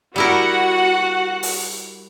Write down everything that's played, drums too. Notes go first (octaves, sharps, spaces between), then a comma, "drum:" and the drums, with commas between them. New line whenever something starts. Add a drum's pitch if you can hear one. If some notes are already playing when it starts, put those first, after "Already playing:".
G3 E4 F#4 A#4 F#5
drum: open hi-hat